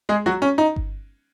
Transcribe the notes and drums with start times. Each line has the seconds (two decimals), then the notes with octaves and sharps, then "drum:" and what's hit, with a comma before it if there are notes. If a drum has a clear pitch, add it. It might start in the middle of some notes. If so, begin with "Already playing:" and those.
0.09 G#3 G#4
0.26 F#3 F#4
0.42 C#4
0.58 D#4
0.76 drum: kick G1